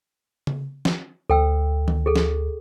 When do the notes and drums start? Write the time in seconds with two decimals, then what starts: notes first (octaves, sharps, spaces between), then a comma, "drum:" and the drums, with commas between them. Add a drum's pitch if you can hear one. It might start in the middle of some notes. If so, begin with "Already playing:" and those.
0.47 drum: tom C#3
0.85 drum: snare
1.30 D2 A4 G5 E6
1.88 drum: tom D#3
2.06 G#4 A4
2.16 drum: snare